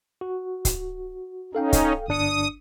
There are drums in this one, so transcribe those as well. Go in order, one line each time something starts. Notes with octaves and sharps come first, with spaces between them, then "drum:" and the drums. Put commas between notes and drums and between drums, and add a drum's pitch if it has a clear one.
F#4
drum: kick C#1, hi-hat
C#4 D#4 A4 F5 G5
drum: kick C#1, hi-hat
G1 D4 D#6 C#7